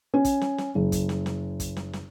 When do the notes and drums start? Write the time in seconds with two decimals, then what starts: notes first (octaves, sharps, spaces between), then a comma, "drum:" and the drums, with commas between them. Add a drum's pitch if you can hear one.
0.14 C#4
0.25 drum: kick, hi-hat
0.41 drum: snare
0.58 drum: snare
0.75 F#1
0.92 drum: kick, hi-hat
1.09 drum: snare
1.26 drum: snare
1.60 drum: kick, hi-hat
1.77 drum: snare
1.93 drum: snare